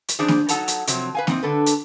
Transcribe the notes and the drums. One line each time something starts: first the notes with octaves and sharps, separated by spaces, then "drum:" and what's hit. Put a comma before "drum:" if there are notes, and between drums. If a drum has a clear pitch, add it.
drum: hi-hat
E3 C#4 D4 G#4 C5 D5
drum: snare A#3
F#3 D#4 A4 F#5 A5 A#5, drum: hi-hat
drum: hi-hat
C3 F3 F#3 C4, drum: hi-hat
B4 F5 G#5
E3 C4 D#4, drum: snare A#3
D3 A4 B4
drum: hi-hat